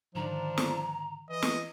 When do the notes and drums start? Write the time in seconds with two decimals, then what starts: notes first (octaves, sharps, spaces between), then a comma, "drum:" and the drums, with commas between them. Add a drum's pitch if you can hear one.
0.15 G#2 D3 D#3 F3 D4 A#5
0.58 drum: snare
1.30 E3 D#5
1.42 drum: snare